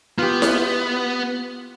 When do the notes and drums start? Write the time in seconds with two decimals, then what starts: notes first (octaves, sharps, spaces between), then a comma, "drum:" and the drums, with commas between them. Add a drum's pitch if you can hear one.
0.18 B3 F4 G4
0.42 drum: snare E4